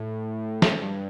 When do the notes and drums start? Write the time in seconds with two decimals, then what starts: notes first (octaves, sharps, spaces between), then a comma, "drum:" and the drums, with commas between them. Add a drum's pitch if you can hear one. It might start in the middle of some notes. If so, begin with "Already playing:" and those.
Already playing: A2
0.62 drum: snare
0.82 G2